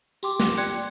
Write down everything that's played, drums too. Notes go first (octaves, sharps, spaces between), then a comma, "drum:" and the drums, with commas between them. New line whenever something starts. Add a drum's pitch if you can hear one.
G4 G5 C6 D6, drum: tambourine
drum: snare
D5 G5 C6 F#6 G#6 C#7, drum: tambourine